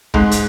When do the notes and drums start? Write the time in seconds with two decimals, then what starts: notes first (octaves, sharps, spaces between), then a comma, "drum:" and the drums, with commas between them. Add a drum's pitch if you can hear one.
0.14 G#2 G#3, drum: kick
0.31 drum: hi-hat